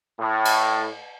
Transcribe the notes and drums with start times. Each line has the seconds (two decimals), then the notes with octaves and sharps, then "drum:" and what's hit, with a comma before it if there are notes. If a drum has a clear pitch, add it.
0.19 A2
0.45 drum: cymbal